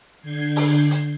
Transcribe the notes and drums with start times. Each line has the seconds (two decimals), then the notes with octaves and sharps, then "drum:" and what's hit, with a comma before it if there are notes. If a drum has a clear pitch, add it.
0.21 D3 G6 G#6 C7
0.56 drum: open hi-hat
0.91 drum: hi-hat